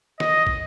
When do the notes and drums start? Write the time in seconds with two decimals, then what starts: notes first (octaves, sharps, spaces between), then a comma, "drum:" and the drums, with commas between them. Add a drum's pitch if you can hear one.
0.20 D#5, drum: snare
0.47 drum: kick